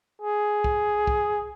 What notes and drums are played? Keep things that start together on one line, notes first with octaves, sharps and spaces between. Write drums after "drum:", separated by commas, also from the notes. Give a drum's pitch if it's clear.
G#4
drum: kick
drum: kick